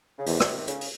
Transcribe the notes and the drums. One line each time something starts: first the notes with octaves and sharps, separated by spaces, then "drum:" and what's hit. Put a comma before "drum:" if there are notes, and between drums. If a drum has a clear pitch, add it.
C#3
E2 C3 D#3, drum: open hi-hat
drum: rim click
C3
C#3, drum: hi-hat
drum: open hi-hat